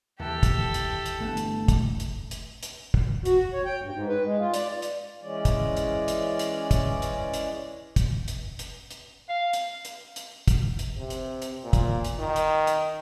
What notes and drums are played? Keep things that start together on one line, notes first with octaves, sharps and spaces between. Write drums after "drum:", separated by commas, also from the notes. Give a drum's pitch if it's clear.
D#2 C3 E3 G4 A4
drum: kick, hi-hat
drum: hi-hat
drum: hi-hat
G1 C3 A3 B3 D4 E4
drum: hi-hat
drum: kick, hi-hat
drum: hi-hat
drum: hi-hat
drum: hi-hat
drum: kick
F#4, drum: hi-hat
C#5
G5
G2
G#2
B4
G#3
F4
D5, drum: hi-hat
drum: hi-hat
E3 G#3 C#4 D5
drum: kick, hi-hat
drum: hi-hat
drum: hi-hat
drum: hi-hat
drum: kick, hi-hat
drum: hi-hat
drum: hi-hat
drum: kick, hi-hat
drum: hi-hat
drum: hi-hat
drum: hi-hat
F5
drum: hi-hat
drum: hi-hat
drum: hi-hat
drum: kick, hi-hat
drum: hi-hat
C3
drum: hi-hat
drum: hi-hat
A#2
drum: kick, hi-hat
drum: hi-hat
D#3
drum: hi-hat
drum: hi-hat